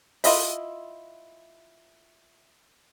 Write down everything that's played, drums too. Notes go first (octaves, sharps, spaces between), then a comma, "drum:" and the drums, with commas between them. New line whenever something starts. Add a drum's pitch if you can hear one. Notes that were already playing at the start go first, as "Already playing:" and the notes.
E4 F4 D#5 E5, drum: open hi-hat